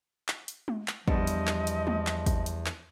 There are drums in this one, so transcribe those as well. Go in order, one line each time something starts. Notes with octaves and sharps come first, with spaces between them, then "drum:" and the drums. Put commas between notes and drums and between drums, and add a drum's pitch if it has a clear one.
drum: clap
drum: hi-hat
drum: tom G#3
drum: clap
E2 F3 G3 B3 D4 D#5, drum: kick
drum: hi-hat
drum: clap
drum: hi-hat
drum: tom G#3
drum: clap
drum: kick, hi-hat
drum: hi-hat
drum: clap